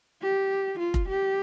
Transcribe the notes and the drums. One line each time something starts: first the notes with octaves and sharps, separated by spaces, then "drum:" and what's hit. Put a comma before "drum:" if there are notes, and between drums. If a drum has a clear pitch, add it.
G4
F4
drum: kick F1
G4